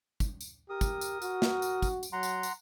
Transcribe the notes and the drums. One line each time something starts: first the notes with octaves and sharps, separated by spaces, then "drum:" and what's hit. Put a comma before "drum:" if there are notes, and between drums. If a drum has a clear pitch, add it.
drum: kick, tambourine
drum: tambourine
G4 A#4 D#6
drum: kick, tambourine
drum: tambourine
F#4, drum: tambourine
drum: snare
drum: tambourine
drum: kick, tambourine
drum: tambourine
F#3 F#5 A#5 C6
drum: tambourine
drum: tambourine